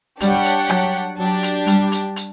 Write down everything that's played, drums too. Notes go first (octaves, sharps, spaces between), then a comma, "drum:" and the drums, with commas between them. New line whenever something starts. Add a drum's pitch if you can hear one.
G3 D4 G4 C#5 F#5, drum: hi-hat
drum: hi-hat
F#3, drum: rim click
F#3 D4 G4 D5
drum: hi-hat
G3, drum: hi-hat
drum: hi-hat
drum: hi-hat